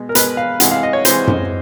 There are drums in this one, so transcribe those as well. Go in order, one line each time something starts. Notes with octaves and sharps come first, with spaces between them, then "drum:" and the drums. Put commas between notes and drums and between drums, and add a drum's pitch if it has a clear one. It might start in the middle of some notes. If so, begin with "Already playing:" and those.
Already playing: B2 G#3
A#4
B2 G#3 B4, drum: hi-hat
F5
C3 E3 G#3 F#5, drum: hi-hat
F5
D#5
C#5
C3 E3 G#3 C5, drum: hi-hat
drum: tom F#2